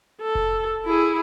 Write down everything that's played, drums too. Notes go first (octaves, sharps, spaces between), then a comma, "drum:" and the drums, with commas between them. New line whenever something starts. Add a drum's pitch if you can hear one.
A4
drum: kick F1
E4 G#4